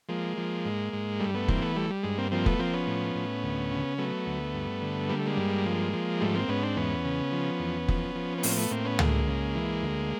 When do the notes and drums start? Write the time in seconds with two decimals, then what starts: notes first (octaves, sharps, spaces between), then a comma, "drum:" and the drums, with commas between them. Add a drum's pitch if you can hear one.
0.09 F3 G#3 A#3
0.37 F3
0.65 G#2
0.93 G#2
1.20 G2 G3 A3
1.34 A3 B3
1.48 E3 A#3 C4, drum: kick F1
1.62 A3 B3
1.76 G3 A3
1.90 G3
2.03 G2 G#3
2.18 A#3 C4
2.31 F3 A#3 C4
2.46 A3 B3, drum: kick F1
2.59 F3 A#3 C4
2.73 B3 C#4
2.87 A2
3.15 A2
3.43 D2
3.71 C#3
3.98 F#3 A3 B3
4.26 D2
4.54 G2
4.82 D3
5.09 G3 A#3
5.19 A3
5.27 G#3 A#3
5.37 G2
5.66 F3
5.93 F3
6.21 G#2 G3 A3
6.34 A#3 C4
6.48 G#2 B3 C#4
6.63 C4 D4
6.76 E2 B3 C#4
7.05 C#3
7.32 F3
7.60 E2
7.88 F3, drum: kick F1
8.15 F3
8.38 B3
8.43 A2 A#3 C4, drum: open hi-hat
8.57 A3 B3
8.71 A2 A#3 C4
8.85 B3 C#4
8.99 D2 G#3 A#3, drum: tom C#2
9.27 C#3
9.55 E3
9.83 D2